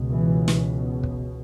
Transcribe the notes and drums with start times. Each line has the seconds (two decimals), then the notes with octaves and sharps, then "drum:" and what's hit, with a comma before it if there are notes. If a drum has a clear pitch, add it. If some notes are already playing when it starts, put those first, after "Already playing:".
Already playing: C#2 B2
0.11 E3
0.48 drum: snare
1.03 drum: kick